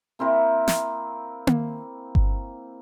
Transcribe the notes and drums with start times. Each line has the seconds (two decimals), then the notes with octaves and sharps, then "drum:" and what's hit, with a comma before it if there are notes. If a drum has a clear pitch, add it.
0.19 A#3 C4 E4 A#4
0.68 drum: snare
1.47 drum: tom A#3
2.15 drum: kick G1